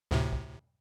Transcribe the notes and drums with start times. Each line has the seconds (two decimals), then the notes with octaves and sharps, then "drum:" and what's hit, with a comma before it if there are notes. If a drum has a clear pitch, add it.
0.11 D2 A2 C3, drum: snare
0.32 drum: kick